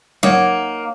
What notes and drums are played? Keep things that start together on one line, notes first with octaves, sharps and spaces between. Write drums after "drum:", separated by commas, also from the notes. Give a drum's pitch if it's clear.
A#3 D#4 C#5 F#5, drum: tom F#3